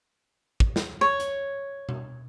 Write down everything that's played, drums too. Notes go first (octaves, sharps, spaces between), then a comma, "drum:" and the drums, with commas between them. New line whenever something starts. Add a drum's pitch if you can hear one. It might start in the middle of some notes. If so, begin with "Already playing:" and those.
drum: kick
drum: snare
C#5
drum: hi-hat
drum: tom B2